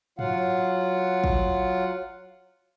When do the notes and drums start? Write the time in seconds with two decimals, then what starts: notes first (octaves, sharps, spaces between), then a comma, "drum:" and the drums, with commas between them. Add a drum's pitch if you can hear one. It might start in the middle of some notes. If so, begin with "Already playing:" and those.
0.19 F#3 F4 F5 F#5, drum: tom G2
1.24 drum: kick